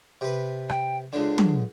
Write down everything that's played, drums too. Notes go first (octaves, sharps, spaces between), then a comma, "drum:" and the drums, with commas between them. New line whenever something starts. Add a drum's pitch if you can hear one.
C3 B4
G5, drum: rim click
C#2 D3 D4
drum: tom